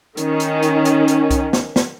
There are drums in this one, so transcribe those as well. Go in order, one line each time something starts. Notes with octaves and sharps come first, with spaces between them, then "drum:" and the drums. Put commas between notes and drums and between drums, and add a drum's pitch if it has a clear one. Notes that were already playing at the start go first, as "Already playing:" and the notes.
D#3 C#4, drum: hi-hat
drum: hi-hat
drum: hi-hat
drum: hi-hat
drum: hi-hat
drum: kick C2, hi-hat
drum: snare
drum: snare